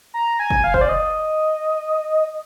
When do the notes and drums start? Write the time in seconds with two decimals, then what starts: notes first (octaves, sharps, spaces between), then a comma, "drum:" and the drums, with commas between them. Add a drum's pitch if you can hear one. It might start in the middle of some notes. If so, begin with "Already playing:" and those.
0.14 A#5
0.39 G#5
0.50 drum: kick
0.64 F5
0.74 C5, drum: kick
0.81 D5
0.89 D#5